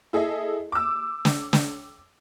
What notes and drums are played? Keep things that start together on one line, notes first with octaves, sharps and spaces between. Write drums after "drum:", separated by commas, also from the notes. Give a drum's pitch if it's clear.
E4 G#4 A4 D#5 E5
D6 E6
drum: snare
drum: snare